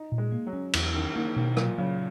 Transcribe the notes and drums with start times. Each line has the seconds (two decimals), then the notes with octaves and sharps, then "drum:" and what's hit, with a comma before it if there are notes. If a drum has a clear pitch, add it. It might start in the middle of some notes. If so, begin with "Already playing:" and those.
Already playing: D#4
0.12 A#2
0.18 G#3
0.32 A#3
0.47 F#3
0.53 C#4
0.73 E2 E3, drum: cymbal
0.94 D#3 C#4
1.16 D#3 A#3
1.36 B2 D#3
1.57 A#2 F#3, drum: rim click
1.78 C#3 F#3